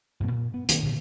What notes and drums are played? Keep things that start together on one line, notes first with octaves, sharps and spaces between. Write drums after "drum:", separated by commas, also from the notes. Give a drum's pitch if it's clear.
F#2 A#2 C4
A#2
B3
D#3 A#3 C4 D4, drum: hi-hat
A#2 D3 D#3